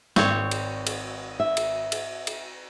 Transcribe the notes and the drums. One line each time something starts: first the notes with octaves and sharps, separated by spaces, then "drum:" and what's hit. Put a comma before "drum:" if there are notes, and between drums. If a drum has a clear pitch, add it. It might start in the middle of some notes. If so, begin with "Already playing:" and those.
G#1 C4 C#5 D5 C#6, drum: snare
drum: cymbal
drum: cymbal
E5
drum: cymbal
drum: cymbal
drum: cymbal